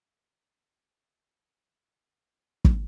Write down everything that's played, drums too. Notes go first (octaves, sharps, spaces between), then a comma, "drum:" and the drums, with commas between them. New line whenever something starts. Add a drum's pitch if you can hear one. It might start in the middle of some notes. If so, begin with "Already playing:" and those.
A3 B3
drum: kick